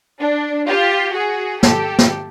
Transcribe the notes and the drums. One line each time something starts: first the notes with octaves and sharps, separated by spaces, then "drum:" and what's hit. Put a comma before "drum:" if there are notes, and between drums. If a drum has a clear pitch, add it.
D4
F4 G4
F#4 G#4
G4 A4, drum: snare
drum: snare